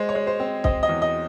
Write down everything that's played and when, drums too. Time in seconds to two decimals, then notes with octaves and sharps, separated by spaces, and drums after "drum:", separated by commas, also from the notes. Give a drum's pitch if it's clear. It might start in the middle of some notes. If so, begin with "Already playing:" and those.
Already playing: G#3 C5
0.09 C#5
0.15 G#3
0.27 C5
0.40 C4
0.64 C4 D#5, drum: kick C2
0.83 D#5
0.89 E2
1.02 D#5